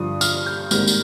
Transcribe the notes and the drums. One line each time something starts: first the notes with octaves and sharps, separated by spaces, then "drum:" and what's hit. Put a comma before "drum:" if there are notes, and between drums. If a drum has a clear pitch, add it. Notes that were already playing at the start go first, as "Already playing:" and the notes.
Already playing: G2 D3 F3 D#6
F6, drum: tambourine
G6
G#1 G#2 G3 A#3 F6, drum: tambourine
drum: tambourine